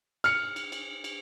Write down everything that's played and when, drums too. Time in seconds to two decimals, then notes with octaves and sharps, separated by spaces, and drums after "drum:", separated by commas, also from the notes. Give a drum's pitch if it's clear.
0.24 F6 C#7, drum: cymbal
0.56 drum: cymbal
0.72 drum: cymbal
1.04 drum: cymbal